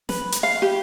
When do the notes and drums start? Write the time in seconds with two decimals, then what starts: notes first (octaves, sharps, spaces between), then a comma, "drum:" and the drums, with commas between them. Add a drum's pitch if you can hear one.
0.09 B4, drum: snare
0.32 drum: hi-hat
0.43 F5
0.62 G4